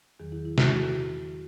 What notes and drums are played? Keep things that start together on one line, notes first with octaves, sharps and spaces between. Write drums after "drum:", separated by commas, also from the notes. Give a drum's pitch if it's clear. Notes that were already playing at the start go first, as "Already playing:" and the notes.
E2 D#3 F#3 G#4
E4
E4
F#4, drum: snare